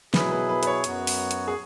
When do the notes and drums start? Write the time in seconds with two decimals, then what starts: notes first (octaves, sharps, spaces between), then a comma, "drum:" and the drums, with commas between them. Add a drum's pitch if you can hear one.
0.14 B2 F#3 E4 G#4 B4, drum: snare
0.31 B4
0.49 B4
0.63 B4, drum: hi-hat
0.67 C#5
0.84 F#2 F#3 B3 F#4, drum: hi-hat
1.07 drum: open hi-hat
1.31 drum: hi-hat
1.48 G#4